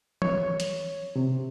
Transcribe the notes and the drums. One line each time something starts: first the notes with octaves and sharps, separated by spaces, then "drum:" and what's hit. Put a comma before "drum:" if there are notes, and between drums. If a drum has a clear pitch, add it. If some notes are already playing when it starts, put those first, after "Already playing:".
C#5, drum: tom E3
drum: hi-hat
C3